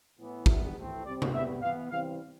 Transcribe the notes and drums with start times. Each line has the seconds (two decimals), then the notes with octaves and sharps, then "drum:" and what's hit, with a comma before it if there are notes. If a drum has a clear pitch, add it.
0.18 A2 E3 B3
0.46 D3 G3 B3 E5, drum: kick
0.76 E3 A3 C4
1.04 C3 G3 C4 D5
1.22 drum: tom C3
1.33 C3 G3 B3 E5
1.61 E3 B3 F5
1.90 E3 G3 C4 F5